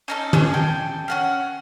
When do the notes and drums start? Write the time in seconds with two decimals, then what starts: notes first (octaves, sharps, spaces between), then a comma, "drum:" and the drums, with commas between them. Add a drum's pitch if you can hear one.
0.08 C#4 D#4 A4
0.33 C#4 D4 G#4, drum: tom D#3
0.54 A4 G5 G#5
1.08 C#4 F#5 F6